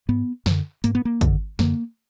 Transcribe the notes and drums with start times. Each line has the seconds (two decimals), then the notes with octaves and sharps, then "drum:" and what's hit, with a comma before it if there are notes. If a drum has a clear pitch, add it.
0.09 G#2 B3
0.46 F#2 D3, drum: snare
0.84 G#2 A#3, drum: hi-hat
0.95 B3
1.05 A#3
1.21 F#2 D3, drum: kick, hi-hat
1.59 F#2 D3 A#3, drum: snare